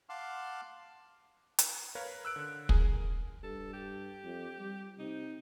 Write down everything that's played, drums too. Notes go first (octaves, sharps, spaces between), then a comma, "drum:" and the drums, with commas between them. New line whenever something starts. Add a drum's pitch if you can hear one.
F5 F#5 A5 C6 D6 F6
drum: hi-hat
A#4 B4 C#5 F5
E6 F#6 D7
D3
G#4 A#4, drum: kick
G2 A4
G4
F2
G3
C3 D#4